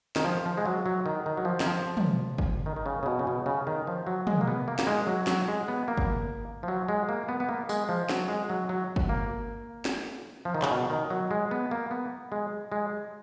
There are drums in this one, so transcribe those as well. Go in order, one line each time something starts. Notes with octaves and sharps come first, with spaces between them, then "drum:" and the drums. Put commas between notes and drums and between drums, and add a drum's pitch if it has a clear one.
D#3, drum: snare
F3
F3
G#3
F#3
F#3
D#3
D#3
F#3
F3
D#3, drum: snare
F3
drum: tom
drum: kick G1
D#3
D#3
C#3
C#3
B2
C#3
B2
C#3
D#3
F3
F#3
G#3, drum: tom
A#3
B3
A#3
A#3, drum: snare
G#3
F#3
F#3, drum: snare
G#3
B3
A#3
drum: kick G1
F3
F#3
G#3
A#3
B3
B3
A#3
G#3, drum: tambourine
F3
F#3, drum: snare
G#3
F#3
F#3
drum: kick G1
A#3
drum: snare
F3
D#3
C#3, drum: clap
B2
D#3
F#3
G#3
B3
A#3
B3
G#3
G#3